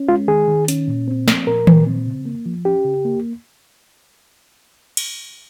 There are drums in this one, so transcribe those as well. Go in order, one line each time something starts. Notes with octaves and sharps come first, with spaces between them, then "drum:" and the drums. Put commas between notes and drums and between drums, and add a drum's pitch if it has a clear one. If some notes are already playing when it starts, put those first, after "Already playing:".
Already playing: C#4
G#3 F4
D#3 G#4
D#3
C#4, drum: hi-hat
A#2
C4
F3, drum: snare
A#2 A#4
A#2, drum: tom D#3
C4
C#3
A#3
F3
C#4 G4
C#3
A#3
drum: cymbal